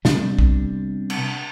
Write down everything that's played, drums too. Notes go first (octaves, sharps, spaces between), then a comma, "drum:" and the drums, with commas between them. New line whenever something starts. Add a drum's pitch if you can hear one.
C3 G3 B3 D4, drum: snare
drum: kick
drum: cymbal